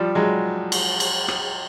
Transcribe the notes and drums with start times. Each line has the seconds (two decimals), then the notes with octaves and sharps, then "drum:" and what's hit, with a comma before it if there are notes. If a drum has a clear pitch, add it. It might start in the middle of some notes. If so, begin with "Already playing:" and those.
Already playing: F3 G3
0.15 F#3 G#3
0.72 drum: cymbal
1.00 drum: cymbal
1.28 drum: rim click